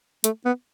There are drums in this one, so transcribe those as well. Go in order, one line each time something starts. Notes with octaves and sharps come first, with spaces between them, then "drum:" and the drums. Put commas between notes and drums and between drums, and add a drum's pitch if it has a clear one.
A3, drum: hi-hat
B3